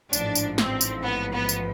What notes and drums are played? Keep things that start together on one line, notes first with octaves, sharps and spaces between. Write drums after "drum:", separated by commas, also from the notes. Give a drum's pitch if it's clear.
A1 G#2 F3 D4, drum: tambourine
drum: tambourine
C4, drum: snare
drum: tambourine
B3
B3
drum: tambourine